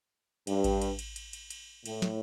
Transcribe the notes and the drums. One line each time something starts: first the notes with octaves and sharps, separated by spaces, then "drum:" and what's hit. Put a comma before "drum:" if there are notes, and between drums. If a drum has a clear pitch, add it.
G2, drum: cymbal
drum: kick A1, cymbal
drum: cymbal
drum: cymbal
drum: cymbal
drum: cymbal
drum: cymbal
A2, drum: cymbal
drum: snare